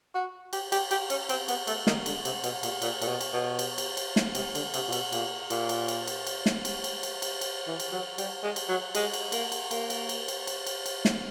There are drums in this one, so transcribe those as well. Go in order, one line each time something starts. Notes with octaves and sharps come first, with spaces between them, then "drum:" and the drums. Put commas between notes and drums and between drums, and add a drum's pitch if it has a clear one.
F#4
G4, drum: cymbal
G4, drum: cymbal
G4, drum: cymbal
C#4, drum: cymbal
C4, drum: cymbal
B3, drum: cymbal
A3, drum: cymbal
D#3, drum: snare
D3, drum: cymbal
C3, drum: cymbal
B2, drum: cymbal
A#2, drum: cymbal
A#2, drum: cymbal
A#2, drum: cymbal
B2
drum: cymbal
B2
drum: cymbal
drum: cymbal
drum: cymbal
drum: snare
C3, drum: cymbal
D3, drum: cymbal
C3, drum: cymbal
A#2
B2, drum: cymbal
A#2, drum: cymbal
A#2, drum: cymbal
drum: cymbal
drum: cymbal
drum: cymbal
drum: cymbal
drum: snare
drum: cymbal
drum: cymbal
drum: cymbal
drum: cymbal
drum: cymbal
E3
drum: cymbal
F#3
G3, drum: cymbal
G#3
drum: cymbal
F#3
G#3, drum: cymbal
drum: cymbal
A#3, drum: cymbal
drum: cymbal
A#3, drum: cymbal
drum: cymbal
drum: cymbal
drum: cymbal
drum: cymbal
drum: cymbal
drum: cymbal
drum: snare